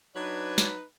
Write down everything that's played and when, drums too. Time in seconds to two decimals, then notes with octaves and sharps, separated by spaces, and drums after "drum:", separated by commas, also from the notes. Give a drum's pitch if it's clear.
0.15 F#3 D4 D#4 B4 G#6
0.58 drum: snare